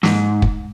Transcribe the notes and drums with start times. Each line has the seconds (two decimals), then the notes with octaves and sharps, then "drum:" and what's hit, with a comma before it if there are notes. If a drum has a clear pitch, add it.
0.03 G#2, drum: snare
0.42 drum: kick